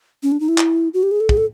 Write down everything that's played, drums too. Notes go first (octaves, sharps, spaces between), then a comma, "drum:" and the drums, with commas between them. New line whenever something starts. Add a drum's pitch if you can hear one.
C#4
D4
D#4
E4
drum: clap
F#4
G4
G#4
A4
G#4, drum: kick
A4